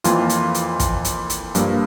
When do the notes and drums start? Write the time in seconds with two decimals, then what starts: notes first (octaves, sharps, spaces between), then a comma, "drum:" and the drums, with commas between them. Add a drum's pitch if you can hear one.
0.04 F2 E3 A#3 F4, drum: hi-hat
0.29 drum: hi-hat
0.55 drum: hi-hat
0.80 drum: kick, hi-hat
1.05 drum: hi-hat
1.30 drum: hi-hat
1.55 G2 F3 A#3, drum: hi-hat